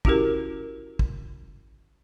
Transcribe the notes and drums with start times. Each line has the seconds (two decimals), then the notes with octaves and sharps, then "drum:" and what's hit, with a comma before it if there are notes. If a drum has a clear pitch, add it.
0.05 C#4 E4 F#4 G4 A#4, drum: kick
0.99 drum: kick